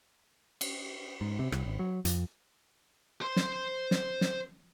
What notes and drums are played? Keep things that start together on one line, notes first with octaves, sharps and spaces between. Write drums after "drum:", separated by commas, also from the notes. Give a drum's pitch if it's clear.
drum: cymbal
G#2
C3
C2, drum: rim click
G#1
F#3
F2, drum: hi-hat
C5 C6
drum: snare
drum: snare
drum: snare